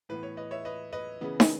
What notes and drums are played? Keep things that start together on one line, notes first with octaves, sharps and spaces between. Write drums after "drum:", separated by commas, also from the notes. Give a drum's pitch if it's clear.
A2 E3 B3 B4
C#5
B4 D#5
C#5 E5
B4 D#5
B4 D#5
C#3 E3 B3
drum: snare